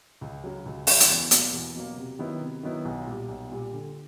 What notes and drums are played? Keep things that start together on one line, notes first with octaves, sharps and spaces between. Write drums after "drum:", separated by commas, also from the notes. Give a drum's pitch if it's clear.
C#2
C#3 F#3
C#2
C#3 F#3, drum: open hi-hat
drum: hi-hat
E2
B2 F#3 A#3, drum: hi-hat
E2
B2 F#3 A#3
C3
D#3 F#3 B3 E4
C3
D#3 F#3 B3 E4
B1
A#2 G3
B1
A#2 G3
D3